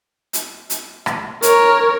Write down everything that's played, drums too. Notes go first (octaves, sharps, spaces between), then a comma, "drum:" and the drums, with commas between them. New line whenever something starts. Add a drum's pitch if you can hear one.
drum: hi-hat
drum: hi-hat
drum: rim click
A#4 C#5, drum: hi-hat